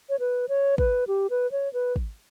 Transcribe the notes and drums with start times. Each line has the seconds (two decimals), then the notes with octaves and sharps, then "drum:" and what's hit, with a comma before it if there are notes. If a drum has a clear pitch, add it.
0.10 C#5
0.20 B4
0.49 C#5
0.78 B4, drum: kick
1.07 G4
1.30 B4
1.52 C#5
1.73 B4
1.96 drum: kick